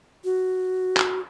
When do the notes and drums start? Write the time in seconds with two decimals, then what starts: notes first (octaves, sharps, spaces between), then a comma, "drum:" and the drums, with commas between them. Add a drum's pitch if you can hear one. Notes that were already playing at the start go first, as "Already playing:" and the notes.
0.24 F#4
0.97 drum: clap